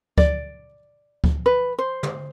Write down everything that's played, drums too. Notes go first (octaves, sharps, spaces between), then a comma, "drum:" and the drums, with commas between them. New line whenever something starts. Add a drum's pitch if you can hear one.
D5, drum: kick D2
drum: kick D2
B4
C5
drum: tom